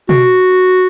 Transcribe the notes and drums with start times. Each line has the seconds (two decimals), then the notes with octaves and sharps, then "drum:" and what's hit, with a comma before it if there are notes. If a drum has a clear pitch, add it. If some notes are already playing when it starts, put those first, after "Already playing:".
0.09 F#4, drum: tom B2